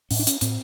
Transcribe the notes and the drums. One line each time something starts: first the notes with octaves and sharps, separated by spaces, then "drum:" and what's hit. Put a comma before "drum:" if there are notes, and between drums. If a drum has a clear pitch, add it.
A2 C#4, drum: open hi-hat
D4
C#4, drum: hi-hat
A2 C4, drum: hi-hat